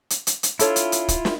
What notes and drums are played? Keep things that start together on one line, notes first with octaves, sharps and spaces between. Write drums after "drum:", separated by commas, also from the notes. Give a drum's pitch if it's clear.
drum: hi-hat
drum: hi-hat
drum: hi-hat
D4 E4 F4 A4 C#5, drum: hi-hat
drum: hi-hat
drum: hi-hat
drum: kick, hi-hat
drum: snare